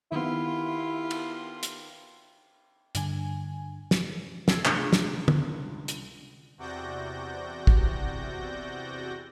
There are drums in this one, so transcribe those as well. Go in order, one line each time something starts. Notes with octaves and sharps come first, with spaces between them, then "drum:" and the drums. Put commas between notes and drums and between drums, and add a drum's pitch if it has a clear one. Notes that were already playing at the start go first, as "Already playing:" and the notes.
D#3 B3 E4 F4 G4
drum: cymbal
drum: hi-hat
G2 D3 G#5, drum: hi-hat
drum: snare
B1 G#4 A4 E6, drum: snare
C#2 G2 C3 A3 D4, drum: clap
drum: snare
C2, drum: tom
drum: hi-hat
E2 C3 F#4 D5 G6 A#6
drum: kick